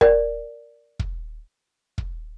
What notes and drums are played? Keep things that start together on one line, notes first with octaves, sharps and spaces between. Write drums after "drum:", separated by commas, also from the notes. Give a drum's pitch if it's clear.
A#4 D5, drum: kick
drum: kick
drum: kick